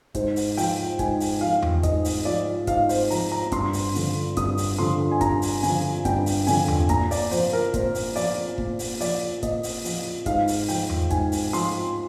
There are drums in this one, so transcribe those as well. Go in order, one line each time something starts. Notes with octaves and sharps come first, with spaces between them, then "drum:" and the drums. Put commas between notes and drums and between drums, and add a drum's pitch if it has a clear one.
G#2 C5, drum: kick, hi-hat
drum: open hi-hat
F3 G5, drum: open hi-hat
G#2 G#5, drum: kick, hi-hat
drum: open hi-hat
F3 F5
drum: tom E2
G#2 D#5, drum: kick, hi-hat
drum: open hi-hat
F3 D5
G#2 F5, drum: kick, hi-hat
C5, drum: open hi-hat
F3 A#5, drum: open hi-hat
A#5
G2 C6, drum: kick, hi-hat
drum: open hi-hat
D3 F3, drum: open hi-hat
G2 D#6, drum: kick, hi-hat
drum: open hi-hat
D3 F3 C6
G#5
G2 A#5, drum: kick, hi-hat
drum: open hi-hat
D3 F3 G#5, drum: open hi-hat
G2 G5, drum: kick, hi-hat
drum: open hi-hat
D3 F3 G#5, drum: open hi-hat
drum: tom E2
A#2 A#5, drum: kick, hi-hat
D5, drum: open hi-hat
F3 C5, drum: open hi-hat
A#4
A#2 C5, drum: kick, hi-hat
drum: open hi-hat
F3 D5, drum: open hi-hat
A#2, drum: kick
drum: open hi-hat
F3 D5, drum: open hi-hat
A#2 D#5, drum: kick, hi-hat
drum: open hi-hat
F3, drum: open hi-hat
G#2 F5, drum: kick, hi-hat
drum: open hi-hat
F3 G5, drum: open hi-hat
drum: tom E2
G#2 G#5, drum: kick, hi-hat
drum: open hi-hat
F3 C6, drum: open hi-hat